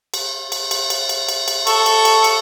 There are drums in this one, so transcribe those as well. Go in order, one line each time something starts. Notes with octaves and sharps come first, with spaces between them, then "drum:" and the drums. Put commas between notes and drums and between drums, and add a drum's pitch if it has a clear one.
drum: cymbal
drum: cymbal
drum: cymbal
drum: cymbal
drum: cymbal
drum: cymbal
drum: cymbal
A4 C#6, drum: cymbal
drum: cymbal
drum: cymbal
drum: cymbal